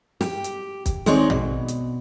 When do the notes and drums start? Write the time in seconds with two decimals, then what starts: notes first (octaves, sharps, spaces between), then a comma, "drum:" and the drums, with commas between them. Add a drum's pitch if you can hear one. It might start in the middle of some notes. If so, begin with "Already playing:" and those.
0.21 G4, drum: snare
0.44 drum: hi-hat
0.86 drum: kick, hi-hat
1.06 D#3 G#3 C4 D#4 C#5 D5, drum: snare
1.30 B2, drum: tom A#1
1.68 drum: hi-hat